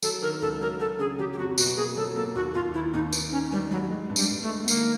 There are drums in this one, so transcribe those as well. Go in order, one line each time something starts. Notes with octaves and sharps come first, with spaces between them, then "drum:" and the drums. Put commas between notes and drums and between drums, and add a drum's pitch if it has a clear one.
F#3 A4, drum: tambourine
D#3 A#4
C#2 A4
F#3 A#4
F#3 A4
C#3 G#4
F#3 G4
G4
F2 F#4
B2 F#4, drum: tambourine
A#3 G#4
F#3 A4
A#3 A4
D#2 F#4
D#2 F4
D#3 E4
D#2 D#4
D#3, drum: tambourine
D#3 C#4
D#3 G3
F#3 G3
G#3
G2
G3, drum: tambourine
G2
A3
G#3
B3
D#3 A#3, drum: tambourine